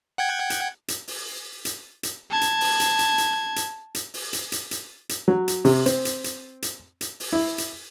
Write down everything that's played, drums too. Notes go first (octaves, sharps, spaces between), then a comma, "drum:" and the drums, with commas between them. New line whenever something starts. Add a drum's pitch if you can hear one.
F#5 G5 G#6
drum: hi-hat
drum: hi-hat
drum: open hi-hat
drum: hi-hat
drum: hi-hat
A5 G#6
drum: hi-hat
drum: open hi-hat
drum: hi-hat
drum: hi-hat
drum: hi-hat
drum: hi-hat
drum: hi-hat
drum: open hi-hat
drum: hi-hat
drum: hi-hat
drum: hi-hat
drum: hi-hat
F#3
drum: hi-hat
C3, drum: open hi-hat
C4, drum: hi-hat
drum: hi-hat
drum: hi-hat
drum: hi-hat
drum: hi-hat
drum: open hi-hat
E4
drum: hi-hat